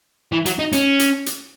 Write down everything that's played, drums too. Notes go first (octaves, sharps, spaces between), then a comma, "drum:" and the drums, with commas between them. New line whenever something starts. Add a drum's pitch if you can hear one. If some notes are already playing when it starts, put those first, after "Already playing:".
E3
F#3, drum: hi-hat
D#4
C#4, drum: hi-hat
drum: hi-hat
drum: hi-hat